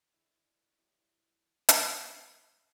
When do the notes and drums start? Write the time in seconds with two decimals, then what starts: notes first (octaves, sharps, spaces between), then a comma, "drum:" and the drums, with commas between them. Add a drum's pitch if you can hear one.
0.13 D3 G#3 E4 C5
0.78 E3 F#3 G3
1.69 drum: hi-hat